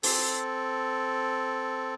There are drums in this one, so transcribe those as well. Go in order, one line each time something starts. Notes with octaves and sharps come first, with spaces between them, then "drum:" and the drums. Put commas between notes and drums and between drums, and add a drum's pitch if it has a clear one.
C4 A4, drum: open hi-hat